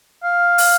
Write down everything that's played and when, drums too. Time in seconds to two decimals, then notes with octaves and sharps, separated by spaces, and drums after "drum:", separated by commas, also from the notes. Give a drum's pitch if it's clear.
0.23 F5
0.58 drum: open hi-hat